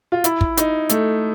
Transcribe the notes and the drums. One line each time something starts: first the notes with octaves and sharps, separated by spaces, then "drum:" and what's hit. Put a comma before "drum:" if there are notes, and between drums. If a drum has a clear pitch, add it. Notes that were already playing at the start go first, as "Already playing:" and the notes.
F4
E4, drum: hi-hat
drum: kick
D#4, drum: hi-hat
A3, drum: hi-hat